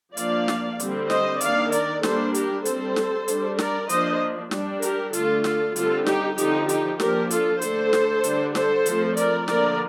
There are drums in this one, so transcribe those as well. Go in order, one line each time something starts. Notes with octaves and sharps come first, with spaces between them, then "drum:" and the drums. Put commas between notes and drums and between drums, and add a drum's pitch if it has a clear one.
F3 A#3 D4 D5 F5, drum: hi-hat
drum: snare
D3 G3 C4, drum: hi-hat
C5 D#5, drum: snare
D#3 A#3 D4 D5 F5, drum: hi-hat
A#4 D5, drum: hi-hat
G3 A#3 D4 A4 C5, drum: snare
G4 A#4, drum: hi-hat
G3 C4 A4 C5, drum: hi-hat
drum: snare
G3 D4, drum: hi-hat
A#4 D5, drum: snare
F3 A#3 D4 C5 D#5, drum: hi-hat
G3 D4, drum: snare
G4 A#4, drum: hi-hat
D3 A3 D4 F4 A4, drum: hi-hat
F4 A4, drum: snare
D3 G3 C4 F4 A4, drum: hi-hat
D#4 G4, drum: snare
D3 F3 C4 D#4 G4, drum: hi-hat
D#4 G4, drum: hi-hat
F3 A#3 D4 G4 A#4, drum: snare
F4 A4, drum: hi-hat
D3 A3 D4 A4 C5, drum: hi-hat
drum: snare
D3 G3 D4, drum: hi-hat
A4 C5, drum: snare
F3 A3 C4, drum: hi-hat
A#4 D5, drum: hi-hat
D3 F3 A#3 A#4 D5, drum: snare